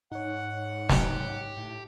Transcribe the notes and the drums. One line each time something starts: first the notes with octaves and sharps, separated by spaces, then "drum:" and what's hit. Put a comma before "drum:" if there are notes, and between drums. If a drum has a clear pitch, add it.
G#2 D#4 C#5 F#5
G4, drum: snare
A2